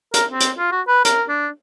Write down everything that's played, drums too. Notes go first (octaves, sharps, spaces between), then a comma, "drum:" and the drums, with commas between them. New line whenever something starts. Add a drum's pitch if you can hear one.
A#4, drum: hi-hat
C4
drum: hi-hat
F4
F#4
B4
A#4, drum: hi-hat
D4